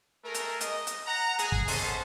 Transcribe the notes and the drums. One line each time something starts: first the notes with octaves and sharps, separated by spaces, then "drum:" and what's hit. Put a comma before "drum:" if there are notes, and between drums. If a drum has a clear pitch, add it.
A3 G#4 A#4
drum: hi-hat
D#5, drum: hi-hat
drum: hi-hat
F#5 A#5
G#4, drum: hi-hat
drum: kick
A#3 B3 C#4 A4 C5, drum: open hi-hat